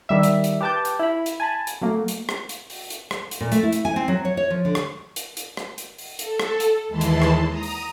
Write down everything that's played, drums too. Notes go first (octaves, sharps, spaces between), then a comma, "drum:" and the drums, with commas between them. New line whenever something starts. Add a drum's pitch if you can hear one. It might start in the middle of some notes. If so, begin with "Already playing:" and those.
D#3 G3 E5
drum: hi-hat
drum: hi-hat
G4 B4 A5 D6 G6
drum: hi-hat
E4 B5
drum: hi-hat
G#5 A5 B5
drum: hi-hat
F#3 A3 A#3
drum: hi-hat
drum: rim click
drum: hi-hat
drum: open hi-hat
drum: hi-hat
drum: rim click
drum: hi-hat
A#2
A3, drum: hi-hat
E4
drum: hi-hat
G#5
C4
F#3
C#5
C#5
F3
D3
drum: rim click
drum: hi-hat
drum: hi-hat
drum: rim click
drum: hi-hat
drum: open hi-hat
A4, drum: hi-hat
drum: rim click
drum: hi-hat
D#2 E3 G#3 E4 A5 C6
drum: hi-hat
drum: rim click
A#5 D#6
drum: open hi-hat